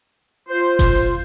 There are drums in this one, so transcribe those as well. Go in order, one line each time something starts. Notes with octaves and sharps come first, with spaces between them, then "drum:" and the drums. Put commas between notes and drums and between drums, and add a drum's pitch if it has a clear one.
F4 C5
drum: kick F#1, hi-hat